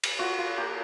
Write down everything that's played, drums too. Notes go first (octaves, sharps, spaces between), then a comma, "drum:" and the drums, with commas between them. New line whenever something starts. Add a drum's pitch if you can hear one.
drum: cymbal
F4 F#4
F4
A#3 G4